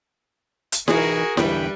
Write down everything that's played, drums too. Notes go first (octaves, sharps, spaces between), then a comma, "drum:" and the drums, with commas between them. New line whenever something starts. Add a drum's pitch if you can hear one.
drum: hi-hat
E3 D#4 F#4 G#4 A#4 B4, drum: snare E4
E2 D3 G3 E4 B4 G5, drum: snare E4